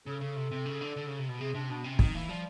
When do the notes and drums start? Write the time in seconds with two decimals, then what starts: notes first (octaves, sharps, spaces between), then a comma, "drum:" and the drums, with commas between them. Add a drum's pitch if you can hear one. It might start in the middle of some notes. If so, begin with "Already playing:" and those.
0.07 C#3 A4
0.21 C#3
0.36 C3
0.51 C3
0.66 C#3
0.81 D3
0.96 D3
1.07 C#3
1.18 C3
1.29 B2
1.41 C3 G#4
1.54 C3 D4
1.70 B2 D4
1.84 C3 C#4
1.99 D#3 C4, drum: kick
2.14 E3 A#3
2.29 F3 G3